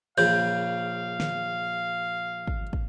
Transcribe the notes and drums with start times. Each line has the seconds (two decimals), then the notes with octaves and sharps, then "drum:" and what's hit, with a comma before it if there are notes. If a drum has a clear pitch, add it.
0.18 A#1 C#3 F5 G6
1.20 drum: snare
2.47 drum: kick
2.73 drum: kick